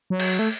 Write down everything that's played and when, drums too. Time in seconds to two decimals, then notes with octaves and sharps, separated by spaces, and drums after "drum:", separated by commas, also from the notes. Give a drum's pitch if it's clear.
0.10 F#3
0.19 drum: cymbal
0.39 A3